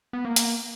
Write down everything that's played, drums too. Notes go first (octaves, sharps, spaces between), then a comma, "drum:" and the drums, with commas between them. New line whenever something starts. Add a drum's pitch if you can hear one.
B3
A#3
drum: hi-hat